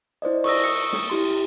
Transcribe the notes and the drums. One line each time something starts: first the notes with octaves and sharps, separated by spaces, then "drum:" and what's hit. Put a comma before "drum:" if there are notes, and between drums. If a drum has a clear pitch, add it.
E4 C5 D5 D#5
C#6 D#6 E6 A#6, drum: cymbal
D#6 C#7
drum: snare
E4 G4 C6